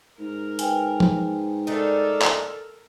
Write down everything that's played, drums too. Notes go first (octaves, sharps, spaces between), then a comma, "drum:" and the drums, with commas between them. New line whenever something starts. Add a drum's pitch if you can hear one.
G#2 A#4
B4 G5 G#5, drum: hi-hat
drum: tom F3
A3 D4 D#4 A4 A#4
drum: clap